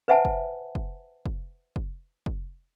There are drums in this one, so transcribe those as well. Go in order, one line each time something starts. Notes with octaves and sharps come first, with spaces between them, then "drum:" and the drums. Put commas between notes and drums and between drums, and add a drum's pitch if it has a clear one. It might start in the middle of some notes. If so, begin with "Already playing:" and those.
B4 C5 E5 F#5 G#5 A5
drum: kick
drum: kick
drum: kick
drum: kick
drum: kick